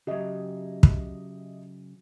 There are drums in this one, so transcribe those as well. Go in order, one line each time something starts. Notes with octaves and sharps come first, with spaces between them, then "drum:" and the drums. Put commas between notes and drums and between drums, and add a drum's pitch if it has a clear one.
C#3 F#3 G4 D#5 E5
drum: kick